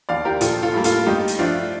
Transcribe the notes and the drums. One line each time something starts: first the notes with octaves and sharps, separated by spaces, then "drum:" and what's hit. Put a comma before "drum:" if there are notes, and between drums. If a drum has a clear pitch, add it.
D#2 D#3 D5 F5
G4 A#4
A#1 F4 A4, drum: hi-hat
F4 A4
A2 G3 A#3
F4 A4, drum: hi-hat
G2 D#4 G4
drum: hi-hat
F3 A3 D4 F4